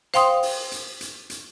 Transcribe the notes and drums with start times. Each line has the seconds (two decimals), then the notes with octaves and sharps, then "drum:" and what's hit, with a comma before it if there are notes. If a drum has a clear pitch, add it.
0.14 C5 F5 G5 C6 D#6, drum: hi-hat
0.43 drum: open hi-hat
0.72 drum: hi-hat
1.01 drum: hi-hat
1.30 drum: hi-hat